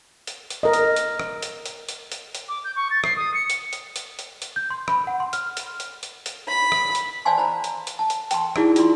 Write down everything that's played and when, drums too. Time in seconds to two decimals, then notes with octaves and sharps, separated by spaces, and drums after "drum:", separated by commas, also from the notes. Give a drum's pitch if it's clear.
0.27 drum: hi-hat
0.50 drum: hi-hat
0.63 A#4 D#5
0.73 drum: hi-hat
0.96 drum: hi-hat
1.19 drum: rim click
1.42 drum: hi-hat
1.66 drum: hi-hat
1.89 drum: hi-hat
2.12 drum: hi-hat
2.35 drum: hi-hat
2.49 D6
2.65 G6
2.76 C#6
2.91 A6
3.04 C7, drum: rim click
3.17 D#6
3.34 C#7
3.50 drum: hi-hat
3.73 drum: hi-hat
3.96 drum: hi-hat
4.19 drum: hi-hat
4.42 drum: hi-hat
4.56 G6
4.70 C6
4.88 B5, drum: rim click
5.07 F#5
5.20 C6
5.33 F6, drum: hi-hat
5.57 drum: hi-hat
5.80 drum: hi-hat
6.03 drum: hi-hat
6.26 drum: hi-hat
6.49 B5
6.72 drum: rim click
6.95 drum: hi-hat
7.25 C5 D5 F5 G#5 A5 C6
7.38 C5 A#5 B5
7.64 drum: hi-hat
7.87 drum: hi-hat
7.99 A5
8.10 drum: hi-hat
8.31 G5 A5 C6, drum: hi-hat
8.56 D#4 E4 F#4 G#4 D5, drum: rim click
8.76 F4 D5 C6, drum: hi-hat